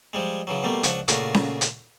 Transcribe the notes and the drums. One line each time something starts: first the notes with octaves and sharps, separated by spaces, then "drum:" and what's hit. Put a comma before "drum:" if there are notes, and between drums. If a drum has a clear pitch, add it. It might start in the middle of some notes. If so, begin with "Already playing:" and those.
F3 G3 G#3
C#3 E3 F#3
B2 G3 A3 A#3
C#2 F3 D4 F#5 C#6, drum: hi-hat
A#2 C#3 A3 D4 F4 F#4, drum: hi-hat
drum: snare C#4
drum: hi-hat